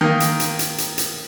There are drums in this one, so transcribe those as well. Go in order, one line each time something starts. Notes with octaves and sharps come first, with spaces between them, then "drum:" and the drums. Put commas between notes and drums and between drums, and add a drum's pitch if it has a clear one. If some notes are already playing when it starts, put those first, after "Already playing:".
D#3 A#3
drum: hi-hat
drum: hi-hat
drum: hi-hat
drum: hi-hat
drum: hi-hat